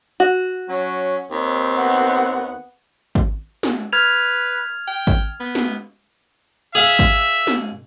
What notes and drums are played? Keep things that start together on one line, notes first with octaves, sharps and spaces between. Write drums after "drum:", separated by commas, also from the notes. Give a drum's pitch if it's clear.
F#4
F#3 C#4
D#2 C4
B3 F#5
drum: kick G#1
drum: snare
B4 F6 G#6 F7
G5
drum: kick G#1
B3
drum: snare
G#4 E5 F5
drum: kick G#1
drum: snare